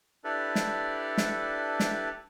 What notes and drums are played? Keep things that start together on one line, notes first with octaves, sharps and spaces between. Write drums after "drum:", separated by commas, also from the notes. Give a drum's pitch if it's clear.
D4 E4 G4 A4 B4 D5
drum: snare
drum: snare
drum: snare